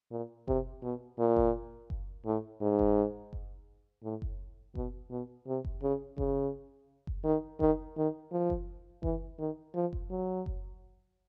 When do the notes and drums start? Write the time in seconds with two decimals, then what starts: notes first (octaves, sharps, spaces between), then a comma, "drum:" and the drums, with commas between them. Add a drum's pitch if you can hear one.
0.11 A#2
0.48 C3, drum: kick F#1
0.83 B2
1.19 A#2
1.36 drum: kick F#1
1.90 drum: kick F#1
2.25 A2
2.61 G#2
2.79 drum: kick F#1
3.33 drum: kick F#1
4.03 A2
4.22 drum: kick F#1
4.75 B2, drum: kick F#1
5.11 B2
5.47 C3
5.65 drum: kick F#1
5.83 C#3
6.18 C#3, drum: kick F#1
7.07 drum: kick F#1
7.25 D#3
7.60 D#3, drum: kick F#1
7.97 D#3
8.32 F3
8.50 drum: kick F#1
9.03 E3, drum: kick F#1
9.39 D#3
9.75 F3
9.93 drum: kick F#1
10.11 F#3
10.46 drum: kick F#1